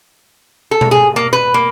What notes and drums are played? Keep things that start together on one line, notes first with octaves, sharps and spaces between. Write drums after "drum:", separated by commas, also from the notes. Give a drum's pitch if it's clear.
A4
drum: tom B2
G#4
A#3
B4
A#3